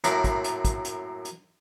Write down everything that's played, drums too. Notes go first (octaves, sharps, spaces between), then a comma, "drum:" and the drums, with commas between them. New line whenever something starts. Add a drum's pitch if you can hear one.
F#2 A2 A#3 A#4 B5 D6, drum: hi-hat
drum: kick, hi-hat
drum: hi-hat
drum: kick, hi-hat
drum: hi-hat
drum: hi-hat